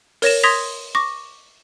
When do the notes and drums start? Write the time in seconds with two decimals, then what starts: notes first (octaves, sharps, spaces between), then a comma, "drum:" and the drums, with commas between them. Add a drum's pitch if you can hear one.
0.22 A#4 C#5 A#6 E7, drum: open hi-hat
0.43 C6 D#6 G#6 A#6 B6 F7
0.95 C#6 D6 A#6